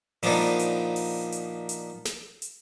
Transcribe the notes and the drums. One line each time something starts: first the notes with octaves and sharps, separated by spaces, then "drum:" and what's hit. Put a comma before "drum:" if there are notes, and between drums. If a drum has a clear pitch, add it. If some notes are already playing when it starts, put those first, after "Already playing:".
A#2 F3 A#3 B3 D4 D#4, drum: open hi-hat
drum: hi-hat
drum: open hi-hat
drum: hi-hat
drum: hi-hat
drum: snare
drum: hi-hat